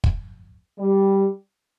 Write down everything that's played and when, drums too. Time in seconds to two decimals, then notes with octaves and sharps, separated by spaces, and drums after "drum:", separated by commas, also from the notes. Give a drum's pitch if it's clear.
0.04 drum: kick
0.78 G3